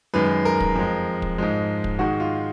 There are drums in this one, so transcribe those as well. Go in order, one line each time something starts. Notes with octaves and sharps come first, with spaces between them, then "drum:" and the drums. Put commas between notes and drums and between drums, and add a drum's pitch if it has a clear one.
F#2 D#3 G#3 B4
A#4
drum: kick
F2 F3 G#3
drum: kick
G#2 F3 G#3
drum: kick
G#2 D#3 G#3 F#4
F4